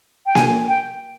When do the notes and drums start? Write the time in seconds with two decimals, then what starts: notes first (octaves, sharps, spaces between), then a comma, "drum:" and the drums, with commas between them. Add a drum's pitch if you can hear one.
0.26 G5
0.35 G#5, drum: snare A#3
0.68 G5